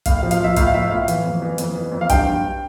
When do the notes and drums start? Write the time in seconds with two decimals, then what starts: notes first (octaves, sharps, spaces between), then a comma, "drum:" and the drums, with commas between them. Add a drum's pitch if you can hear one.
0.06 A2 F5, drum: kick, hi-hat
0.19 F5
0.23 F3
0.31 F5, drum: hi-hat
0.40 F3 E5
0.57 A2 F5, drum: kick, hi-hat
0.67 F5
0.74 F3 E5
0.91 A2 F5
1.08 E3, drum: hi-hat
1.25 F2
1.42 E3
1.58 F2, drum: hi-hat
1.75 E3
1.92 F2
2.01 F5
2.10 G2 G5, drum: kick, hi-hat
2.27 G2